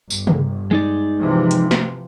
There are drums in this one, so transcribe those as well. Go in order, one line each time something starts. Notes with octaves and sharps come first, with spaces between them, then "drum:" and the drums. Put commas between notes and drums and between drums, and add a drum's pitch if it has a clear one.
G1, drum: tambourine
drum: tom
G#3 D#4 D5
C3 E3 F3
drum: hi-hat
drum: snare